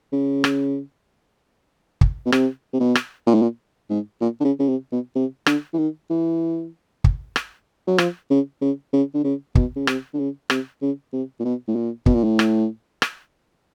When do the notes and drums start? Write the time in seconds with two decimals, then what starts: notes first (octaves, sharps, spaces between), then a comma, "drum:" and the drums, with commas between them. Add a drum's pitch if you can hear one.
0.13 C#3
0.44 drum: rim click
2.01 drum: kick
2.26 B2
2.32 C3, drum: rim click
2.73 C3
2.80 B2
2.95 drum: rim click
3.27 A#2
3.35 A2
3.42 A#2
3.90 G#2
4.21 A#2
4.40 D3
4.44 C#3
4.59 C#3
4.69 C3
4.92 B2
5.15 C3
5.46 D3, drum: rim click
5.74 E3
5.78 D#3
6.10 E3
7.04 drum: kick
7.36 drum: rim click
7.87 F#3
7.98 F3, drum: rim click
8.30 C#3
8.61 C#3
8.93 C#3
9.14 D3
9.24 C#3
9.55 B2, drum: kick
9.76 C#3
9.87 C3, drum: rim click
10.14 D3
10.19 C#3
10.50 C3, drum: rim click
10.82 C#3
11.13 C3
11.40 A#2
11.45 B2
11.68 A2
11.75 A#2
12.06 B2, drum: kick
12.15 A#2
12.24 A2
12.39 drum: rim click
13.02 drum: rim click